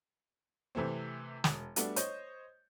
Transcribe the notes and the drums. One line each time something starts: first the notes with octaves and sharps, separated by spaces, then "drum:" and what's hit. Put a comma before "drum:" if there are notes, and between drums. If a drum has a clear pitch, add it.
C3 E3 A3 C4
E1, drum: snare
G3 A3 B3 D4 F#4, drum: hi-hat
C5 C#5 D#5 G6, drum: hi-hat